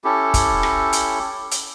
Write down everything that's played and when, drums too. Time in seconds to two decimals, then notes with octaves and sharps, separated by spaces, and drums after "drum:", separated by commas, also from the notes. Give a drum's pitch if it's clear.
0.04 C#4 E4 G4 A4
0.34 drum: kick, hi-hat
0.63 drum: rim click
0.93 drum: hi-hat
1.51 drum: hi-hat